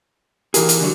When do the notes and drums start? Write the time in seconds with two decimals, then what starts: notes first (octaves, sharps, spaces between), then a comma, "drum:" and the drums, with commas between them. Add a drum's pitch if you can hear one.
0.54 E3 G4 G#4 A#4, drum: hi-hat
0.69 drum: hi-hat
0.80 D3 F#3